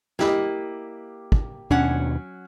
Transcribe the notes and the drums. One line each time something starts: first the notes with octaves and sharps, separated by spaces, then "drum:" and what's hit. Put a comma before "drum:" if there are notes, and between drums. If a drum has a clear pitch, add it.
A#3 E4 G4 D#5, drum: snare
drum: kick
D#2 B2 F#3 C#4 D4 F#5